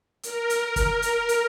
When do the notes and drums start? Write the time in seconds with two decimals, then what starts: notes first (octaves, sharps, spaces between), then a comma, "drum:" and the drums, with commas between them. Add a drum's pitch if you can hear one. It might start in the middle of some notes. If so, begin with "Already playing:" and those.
0.23 A#4, drum: hi-hat
0.50 drum: hi-hat
0.76 drum: kick, hi-hat
1.02 drum: hi-hat
1.29 drum: hi-hat